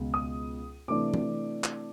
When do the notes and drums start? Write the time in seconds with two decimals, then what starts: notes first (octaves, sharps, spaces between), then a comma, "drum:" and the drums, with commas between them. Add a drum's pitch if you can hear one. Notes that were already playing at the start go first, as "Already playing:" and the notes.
Already playing: C#2 B2 G#3
0.14 D#6
0.88 C3 E3 A3 D4 D6
1.14 drum: tom E3
1.64 drum: clap